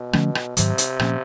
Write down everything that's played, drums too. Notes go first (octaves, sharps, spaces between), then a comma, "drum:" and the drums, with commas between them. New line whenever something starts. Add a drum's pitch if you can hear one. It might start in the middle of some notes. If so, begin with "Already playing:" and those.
Already playing: B2
D3 F3 A3 C#4, drum: rim click
drum: rim click
G#2 C3 D#3 F#3, drum: hi-hat
drum: hi-hat
A#2 F3 A#3 C#4, drum: rim click